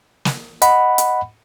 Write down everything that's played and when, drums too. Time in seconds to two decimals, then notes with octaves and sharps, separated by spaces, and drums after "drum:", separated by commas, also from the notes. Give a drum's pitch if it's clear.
0.25 drum: snare
0.62 D#5 F#5 B5, drum: hi-hat
0.98 drum: hi-hat